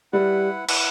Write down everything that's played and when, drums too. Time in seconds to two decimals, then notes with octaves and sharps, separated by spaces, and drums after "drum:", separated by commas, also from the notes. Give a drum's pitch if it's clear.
0.13 G3 E4 B4 F#5
0.69 E4 B4 F#5, drum: cymbal